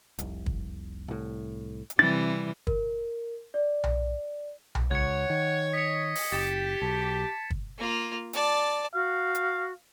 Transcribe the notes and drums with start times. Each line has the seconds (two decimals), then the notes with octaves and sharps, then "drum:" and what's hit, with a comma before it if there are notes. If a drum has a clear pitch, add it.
0.18 F1 C2, drum: hi-hat
0.46 drum: kick
1.08 C2 A2
1.90 drum: hi-hat
1.99 C3 E3 G3 C4 D4 A6
2.67 A#4, drum: kick
3.54 D5
3.84 drum: tom B1
4.75 drum: tom B1
4.91 C#2 C#5 F#5 G#6 C#7
5.30 D#3
5.73 D#5 B6 C#7
6.15 drum: open hi-hat
6.32 F#1 G4 A6 E7
6.82 B1 A5
7.50 drum: kick
7.78 A#3 F4
8.33 D5 A5, drum: hi-hat
8.94 F#4 F5
9.35 drum: hi-hat